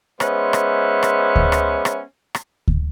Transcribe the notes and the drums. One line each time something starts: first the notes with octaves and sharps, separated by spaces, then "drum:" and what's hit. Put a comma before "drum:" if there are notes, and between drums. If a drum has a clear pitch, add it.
G#3 B3 C#4 C5 E5, drum: rim click
drum: rim click
drum: rim click
drum: kick D2
drum: rim click
drum: rim click
drum: rim click
drum: kick D2